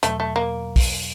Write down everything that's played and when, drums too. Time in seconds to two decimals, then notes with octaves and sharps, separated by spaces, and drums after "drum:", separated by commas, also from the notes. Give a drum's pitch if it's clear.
0.03 E2 B2 F#3 A3, drum: hi-hat
0.20 A3
0.36 A#3
0.76 drum: kick, open hi-hat